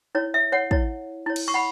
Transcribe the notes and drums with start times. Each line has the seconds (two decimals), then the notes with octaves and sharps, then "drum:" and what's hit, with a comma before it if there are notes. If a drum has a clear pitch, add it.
0.15 E4 C#5
0.34 E5
0.52 C#5 F#5
0.71 E4 C#5, drum: kick
1.26 E4 C#5
1.36 drum: cymbal
1.48 C#6
1.54 F#5 B5